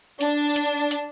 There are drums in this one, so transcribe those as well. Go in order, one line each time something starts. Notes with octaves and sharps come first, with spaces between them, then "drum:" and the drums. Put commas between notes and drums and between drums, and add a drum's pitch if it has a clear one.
D4, drum: hi-hat
drum: hi-hat
drum: hi-hat